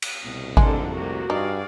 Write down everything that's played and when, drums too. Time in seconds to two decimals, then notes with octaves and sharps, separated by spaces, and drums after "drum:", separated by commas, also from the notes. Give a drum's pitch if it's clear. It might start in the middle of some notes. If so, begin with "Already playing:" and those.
0.02 drum: cymbal
0.25 C2 B2
0.57 F2 D3 G#3 D4 A4 A#4, drum: kick G#1
0.94 C3 A3 A#3 F#4
1.30 G2 D#4 G#4 D5 F5